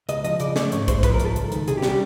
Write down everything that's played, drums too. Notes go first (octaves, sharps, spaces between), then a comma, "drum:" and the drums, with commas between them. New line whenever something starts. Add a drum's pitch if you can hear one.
C#2 D#5, drum: hi-hat
F3 D#5, drum: hi-hat
C#3 D5, drum: hi-hat
A3 D5, drum: snare
G#2 C#5, drum: hi-hat
A3 C5, drum: kick, hi-hat
F3 B4, drum: kick, hi-hat
A#4
G#2, drum: hi-hat
A4
C#2, drum: hi-hat
D#3, drum: hi-hat
C3 G#4, drum: hi-hat
G4
G3, drum: snare
G4